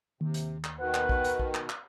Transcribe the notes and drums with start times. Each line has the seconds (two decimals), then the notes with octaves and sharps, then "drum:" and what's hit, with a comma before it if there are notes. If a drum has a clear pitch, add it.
0.21 D#2 C3
0.34 drum: hi-hat
0.64 drum: clap
0.79 B2 D#3 B4 F#5
0.94 drum: clap
1.09 drum: kick A#1
1.24 drum: hi-hat
1.39 drum: kick A#1
1.54 drum: clap
1.70 drum: clap